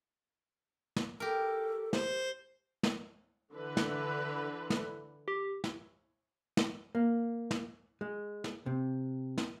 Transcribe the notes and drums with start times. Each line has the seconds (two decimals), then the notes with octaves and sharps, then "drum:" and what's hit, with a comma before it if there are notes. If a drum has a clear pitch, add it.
0.96 drum: snare
1.20 G4 A4 A#4
1.93 C5, drum: snare
2.83 drum: snare
3.53 D3 E3 B4
3.77 drum: snare
4.70 drum: snare
5.28 G4
5.64 drum: snare
6.57 drum: snare
6.95 A#3
7.51 drum: snare
8.01 G#3
8.44 drum: snare
8.66 C3
9.38 drum: snare